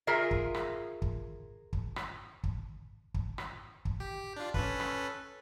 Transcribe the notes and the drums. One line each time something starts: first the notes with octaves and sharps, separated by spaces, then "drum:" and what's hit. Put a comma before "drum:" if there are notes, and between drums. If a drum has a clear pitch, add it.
F4 G#4 A#4 E5
drum: kick
drum: rim click
drum: kick
drum: kick
drum: rim click
drum: kick
drum: kick
drum: rim click
drum: kick
G4
D4 F4
C#4 A4 B4, drum: kick
drum: rim click